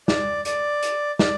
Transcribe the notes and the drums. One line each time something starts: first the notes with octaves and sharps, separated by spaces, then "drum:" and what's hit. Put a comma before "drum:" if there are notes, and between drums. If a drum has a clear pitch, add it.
D5, drum: snare
D5, drum: hi-hat
drum: hi-hat
D5, drum: snare